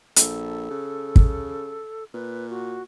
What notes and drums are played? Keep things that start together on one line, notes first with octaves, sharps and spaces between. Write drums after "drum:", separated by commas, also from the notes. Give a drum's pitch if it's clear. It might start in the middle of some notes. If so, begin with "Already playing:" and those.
A#1 A4, drum: hi-hat
C#3
drum: kick
A#2 B4
F#4